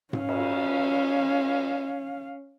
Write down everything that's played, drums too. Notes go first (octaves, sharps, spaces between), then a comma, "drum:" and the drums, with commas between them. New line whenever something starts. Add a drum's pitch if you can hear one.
C#4 F5, drum: tom G#2
drum: cymbal